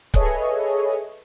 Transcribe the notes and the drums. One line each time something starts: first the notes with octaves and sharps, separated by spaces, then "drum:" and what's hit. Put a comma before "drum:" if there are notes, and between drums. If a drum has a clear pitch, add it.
G#4 A4 B4 C#5 D#5 E5, drum: kick C#1